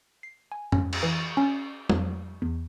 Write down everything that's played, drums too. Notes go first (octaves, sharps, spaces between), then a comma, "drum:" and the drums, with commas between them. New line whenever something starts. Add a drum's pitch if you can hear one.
C7
G#5
C#4, drum: tom F2
drum: cymbal
E3
C#4
F2, drum: tom
E2